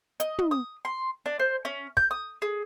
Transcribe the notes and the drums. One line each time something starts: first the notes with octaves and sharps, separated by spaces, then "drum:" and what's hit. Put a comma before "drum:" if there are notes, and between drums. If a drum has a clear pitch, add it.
D#5, drum: hi-hat
drum: tom
D#6
C6
D4
C5
C#4
G6, drum: kick
D#6
G#4